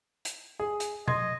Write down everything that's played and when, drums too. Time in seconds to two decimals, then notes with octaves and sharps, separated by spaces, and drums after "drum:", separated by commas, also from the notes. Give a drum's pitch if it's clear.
0.25 drum: hi-hat
0.60 G#4
0.80 drum: hi-hat
1.08 D#5 C6 G#6, drum: tom B2